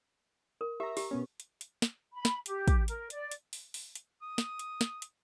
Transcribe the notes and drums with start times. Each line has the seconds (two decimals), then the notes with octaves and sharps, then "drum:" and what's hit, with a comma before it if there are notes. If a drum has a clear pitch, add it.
0.61 A#4
0.80 G4 E5 A#5
0.97 G4, drum: open hi-hat
1.11 B2 B3 C#4
1.40 drum: hi-hat
1.61 drum: hi-hat
1.82 drum: snare
2.13 B5
2.25 drum: snare
2.46 G4, drum: hi-hat
2.68 drum: kick, hi-hat
2.88 A#4, drum: hi-hat
3.10 D5, drum: hi-hat
3.31 drum: hi-hat
3.53 drum: open hi-hat
3.74 drum: open hi-hat
3.95 drum: hi-hat
4.22 D#6
4.38 drum: snare
4.59 drum: hi-hat
4.81 drum: snare
5.02 drum: hi-hat